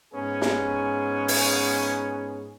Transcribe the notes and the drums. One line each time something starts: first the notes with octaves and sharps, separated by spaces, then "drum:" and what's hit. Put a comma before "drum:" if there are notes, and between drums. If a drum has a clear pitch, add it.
G#2 B3 C#4 G#4
drum: snare
drum: open hi-hat